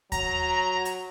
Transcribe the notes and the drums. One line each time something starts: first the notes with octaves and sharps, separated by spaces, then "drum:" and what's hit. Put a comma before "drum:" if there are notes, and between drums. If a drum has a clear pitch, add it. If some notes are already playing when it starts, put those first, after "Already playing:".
F#3 A#5, drum: kick D#2, hi-hat
drum: hi-hat